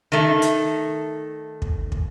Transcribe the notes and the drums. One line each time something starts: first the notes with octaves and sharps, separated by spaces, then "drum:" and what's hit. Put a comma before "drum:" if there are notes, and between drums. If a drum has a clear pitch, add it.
D#3 A3
drum: hi-hat
drum: kick
drum: kick